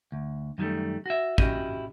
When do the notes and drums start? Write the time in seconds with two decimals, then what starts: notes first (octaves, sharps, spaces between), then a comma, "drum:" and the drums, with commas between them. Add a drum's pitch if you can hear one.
0.12 D2
0.58 F#2 D#3 F#3 G3 A3
1.06 F#4 E5
1.38 C#4 E4 F#4 G4 D#5, drum: kick